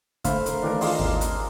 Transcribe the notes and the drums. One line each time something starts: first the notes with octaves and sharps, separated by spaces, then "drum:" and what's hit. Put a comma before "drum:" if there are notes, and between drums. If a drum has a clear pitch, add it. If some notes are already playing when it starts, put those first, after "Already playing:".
D3 A3 B4 C5 F5, drum: kick, hi-hat
A#4, drum: hi-hat
D#3 E3 A3 D4 A#4
G#3 F4 D6, drum: open hi-hat
G#1 D#2
drum: hi-hat